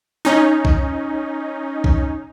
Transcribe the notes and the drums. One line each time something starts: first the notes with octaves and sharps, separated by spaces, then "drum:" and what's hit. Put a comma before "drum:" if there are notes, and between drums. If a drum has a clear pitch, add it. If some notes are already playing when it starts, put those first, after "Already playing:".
C#4 D#4
drum: kick A#1
drum: kick A#1